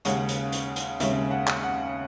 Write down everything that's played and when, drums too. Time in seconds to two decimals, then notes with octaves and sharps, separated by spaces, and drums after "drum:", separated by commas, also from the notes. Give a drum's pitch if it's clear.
0.05 D#2 C#3 G#3 C#4 F#5, drum: hi-hat
0.29 drum: hi-hat
0.52 drum: hi-hat
0.76 drum: hi-hat
1.00 D#2 C#3 G#3 C#4 E5, drum: hi-hat
1.31 F#5
1.47 drum: clap
1.63 F#5